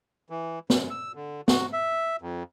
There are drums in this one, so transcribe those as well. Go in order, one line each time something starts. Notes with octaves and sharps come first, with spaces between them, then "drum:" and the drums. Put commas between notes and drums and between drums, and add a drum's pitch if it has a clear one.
E3
F#2, drum: snare
E6
D3
F#4, drum: snare
E5
F2